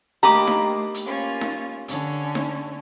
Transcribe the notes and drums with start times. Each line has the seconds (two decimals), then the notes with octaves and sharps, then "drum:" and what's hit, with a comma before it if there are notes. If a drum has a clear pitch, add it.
0.23 A3 A#3 D4 G4 D#5 A#5 B5 D6
0.47 drum: snare D#4
0.94 drum: hi-hat
1.03 A#3 C#4 F4
1.41 drum: snare D#4
1.88 D3 C#4, drum: hi-hat
2.35 drum: snare D#4